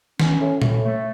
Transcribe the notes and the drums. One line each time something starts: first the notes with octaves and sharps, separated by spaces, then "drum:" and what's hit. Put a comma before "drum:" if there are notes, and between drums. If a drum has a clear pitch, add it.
C#4, drum: snare
A2
A2, drum: tom A#2
A3